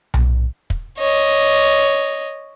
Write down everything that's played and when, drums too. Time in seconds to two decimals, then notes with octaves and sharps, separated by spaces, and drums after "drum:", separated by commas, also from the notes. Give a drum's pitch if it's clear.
0.14 drum: tom B1
0.70 drum: kick
0.98 C#5 D#5